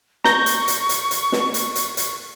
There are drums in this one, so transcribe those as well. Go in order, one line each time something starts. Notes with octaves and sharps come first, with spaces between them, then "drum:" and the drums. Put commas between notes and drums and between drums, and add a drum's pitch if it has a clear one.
A#5 C#6 G6 A#6, drum: snare
drum: hi-hat
drum: hi-hat
drum: hi-hat
drum: hi-hat
drum: snare
drum: hi-hat
drum: hi-hat
drum: hi-hat